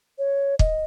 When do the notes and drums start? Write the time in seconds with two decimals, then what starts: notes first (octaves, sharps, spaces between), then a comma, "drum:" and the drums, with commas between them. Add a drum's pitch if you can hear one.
0.19 C#5
0.59 D#5, drum: kick